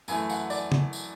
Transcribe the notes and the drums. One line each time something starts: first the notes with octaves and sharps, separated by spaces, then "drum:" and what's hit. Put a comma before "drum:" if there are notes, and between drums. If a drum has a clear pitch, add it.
F#2 E3 A3 G#5, drum: tambourine
F#5, drum: tambourine
D5, drum: tambourine
drum: tom
drum: tambourine